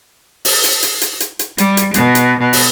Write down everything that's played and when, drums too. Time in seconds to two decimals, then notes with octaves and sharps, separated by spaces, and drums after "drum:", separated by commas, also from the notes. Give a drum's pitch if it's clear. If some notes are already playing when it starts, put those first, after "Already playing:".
0.45 drum: open hi-hat
0.64 drum: hi-hat
0.83 drum: hi-hat
1.01 drum: hi-hat
1.20 drum: hi-hat
1.39 drum: hi-hat
1.58 G3, drum: hi-hat
1.77 drum: hi-hat
1.94 B2, drum: hi-hat
2.15 drum: hi-hat
2.39 B2
2.53 drum: open hi-hat